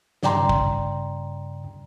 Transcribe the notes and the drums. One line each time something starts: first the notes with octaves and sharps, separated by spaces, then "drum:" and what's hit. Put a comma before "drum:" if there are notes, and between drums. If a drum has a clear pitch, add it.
G2 C#3 D5 G5 A#5 C6, drum: snare
drum: kick